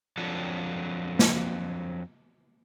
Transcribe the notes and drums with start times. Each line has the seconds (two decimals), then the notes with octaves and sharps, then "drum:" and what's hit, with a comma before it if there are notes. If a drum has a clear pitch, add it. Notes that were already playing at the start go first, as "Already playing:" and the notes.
0.17 F2 F3 F#3 D4 A4
1.19 drum: snare